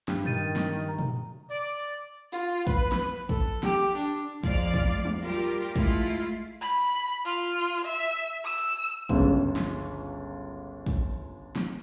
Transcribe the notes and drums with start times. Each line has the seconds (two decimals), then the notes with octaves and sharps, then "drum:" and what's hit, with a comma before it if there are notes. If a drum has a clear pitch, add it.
0.08 G2, drum: snare
0.25 D#3 G6 A6 D#7, drum: tom
0.56 drum: snare
0.88 A#5
0.99 drum: tom
1.51 D5
2.32 F4, drum: tambourine
2.67 B4, drum: kick
2.92 drum: snare
3.29 A4, drum: kick
3.63 G4, drum: snare
3.95 D4, drum: open hi-hat
4.43 F2 G#3 D5 F5, drum: kick
4.74 drum: kick
5.05 drum: tom
5.22 G3 F4 G4 A#4
5.76 G#3 A3 E4 F4, drum: kick
6.61 B5
7.25 F4, drum: open hi-hat
7.85 E5
8.44 E6
8.58 drum: hi-hat
9.09 G1 C#2, drum: kick
9.56 drum: snare
10.86 drum: kick
11.56 drum: snare